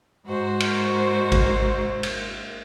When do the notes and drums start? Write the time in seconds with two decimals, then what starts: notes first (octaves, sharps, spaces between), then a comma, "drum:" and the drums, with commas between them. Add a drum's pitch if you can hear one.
0.25 G#2 F#4 C5
0.60 drum: cymbal
1.32 drum: kick G#1, cymbal
2.03 drum: cymbal